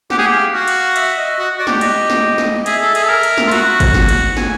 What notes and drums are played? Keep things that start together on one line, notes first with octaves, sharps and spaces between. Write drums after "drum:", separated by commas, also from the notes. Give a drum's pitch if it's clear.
G4 F#5, drum: snare
G#4
G4
F5
F#4 F5
drum: cymbal
E5, drum: cymbal
D#5
F#4
F#4 D5
G4, drum: snare
D#5, drum: cymbal
drum: snare
drum: snare
G#4 E5, drum: cymbal
A4
G#4, drum: cymbal
A4
A#4
drum: cymbal
drum: snare
F4
F#4, drum: cymbal
drum: kick, cymbal
drum: snare
drum: cymbal
G#5, drum: snare